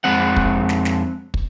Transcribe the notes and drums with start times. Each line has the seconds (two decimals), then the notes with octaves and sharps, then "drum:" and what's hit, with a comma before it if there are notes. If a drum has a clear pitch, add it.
0.04 F2 G#3 C4 F#5
0.36 drum: kick
0.69 drum: snare
0.85 drum: snare
1.34 drum: kick